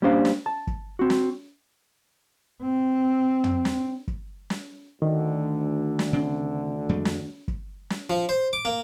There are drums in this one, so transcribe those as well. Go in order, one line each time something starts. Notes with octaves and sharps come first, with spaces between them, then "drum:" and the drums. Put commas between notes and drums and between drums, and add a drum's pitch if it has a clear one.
G3 A#3 C#4 D4 C5 F5
drum: snare
A5
drum: kick
C4 F#4
drum: snare
C4
drum: tom
drum: snare
drum: kick
drum: snare
D2 D3 D#3
drum: snare
C#3 C4 D4
F2 G3 G#3
drum: snare
drum: kick
drum: snare
F3
C5
D6
A#3